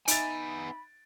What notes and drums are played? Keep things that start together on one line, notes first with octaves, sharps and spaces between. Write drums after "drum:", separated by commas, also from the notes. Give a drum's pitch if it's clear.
B3 D#4 E5 G#5 B5 A6 D7, drum: hi-hat